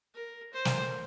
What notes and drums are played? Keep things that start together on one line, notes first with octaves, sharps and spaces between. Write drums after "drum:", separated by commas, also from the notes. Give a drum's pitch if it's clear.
A#4
C5
drum: snare